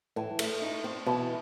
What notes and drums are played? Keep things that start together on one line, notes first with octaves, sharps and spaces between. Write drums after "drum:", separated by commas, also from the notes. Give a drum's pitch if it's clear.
A2 E3
A3, drum: cymbal
D#4
C4
B2 E3